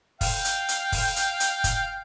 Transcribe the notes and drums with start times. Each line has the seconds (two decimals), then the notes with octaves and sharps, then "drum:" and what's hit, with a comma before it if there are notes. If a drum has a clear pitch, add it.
0.21 F5 G5, drum: kick, open hi-hat
0.45 drum: hi-hat
0.69 drum: hi-hat
0.92 drum: kick, open hi-hat
1.16 drum: hi-hat
1.40 drum: hi-hat
1.64 drum: kick, hi-hat